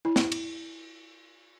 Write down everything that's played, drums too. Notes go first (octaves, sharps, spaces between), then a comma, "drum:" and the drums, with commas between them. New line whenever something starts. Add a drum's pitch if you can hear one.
E4
drum: snare
drum: cymbal